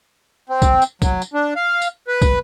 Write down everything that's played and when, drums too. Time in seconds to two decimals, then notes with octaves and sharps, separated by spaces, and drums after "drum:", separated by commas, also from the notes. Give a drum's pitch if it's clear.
0.49 C4
0.62 drum: kick, tambourine
0.82 drum: tambourine
1.02 F#3, drum: kick, tambourine
1.22 drum: tambourine
1.34 D4
1.56 F5
1.82 drum: tambourine
2.08 B4
2.22 drum: kick, tambourine